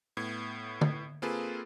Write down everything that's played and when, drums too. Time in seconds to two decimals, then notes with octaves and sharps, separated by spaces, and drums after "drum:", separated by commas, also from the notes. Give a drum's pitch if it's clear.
0.17 A2 B3 G#6
0.81 drum: tom
1.22 A#3 C4 F4 G#4 A4 B4